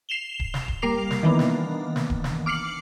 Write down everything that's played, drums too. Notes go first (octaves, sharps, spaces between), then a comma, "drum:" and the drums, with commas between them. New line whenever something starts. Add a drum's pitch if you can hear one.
C7 E7 F7 G7
drum: kick D1
drum: snare
drum: kick D1
G3 A#3 A#4 D6 C7 F7
drum: snare
D#3 E3 A#3 B3 D4
drum: snare
drum: snare
drum: kick D1
drum: snare
D6 F6 C7 C#7 F#7